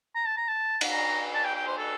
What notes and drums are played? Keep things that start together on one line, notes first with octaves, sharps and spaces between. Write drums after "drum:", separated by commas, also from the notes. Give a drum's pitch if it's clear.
A#5
A5
A#5
A5
drum: cymbal
A#5
A5
G5
G5
C5
A4